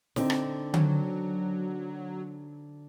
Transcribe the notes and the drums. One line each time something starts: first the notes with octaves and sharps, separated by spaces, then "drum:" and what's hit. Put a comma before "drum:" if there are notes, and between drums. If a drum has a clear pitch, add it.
D3 C4 D#4, drum: snare
drum: rim click
F#3, drum: tom D3